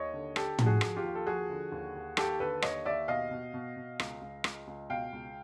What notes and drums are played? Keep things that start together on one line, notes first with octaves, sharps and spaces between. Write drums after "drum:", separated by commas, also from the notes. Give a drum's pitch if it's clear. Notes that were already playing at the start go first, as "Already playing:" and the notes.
Already playing: D#2 C#5 D#5
D3
D3 G4 A4, drum: rim click
F3, drum: tom
F#4 G#4
F3, drum: rim click
F4 G4
D#2
A4
F3 F#4 G#4
D3
D#2
D#2
D#2 G4 A4, drum: rim click
D3 A4 B4
D#2 C#5 D#5, drum: rim click
D#2 D5 E5
B2 D#5 F5
B2
B2
B2
C#2, drum: rim click
C#2
C#2, drum: rim click
C#2
B2 F5 G5
C#2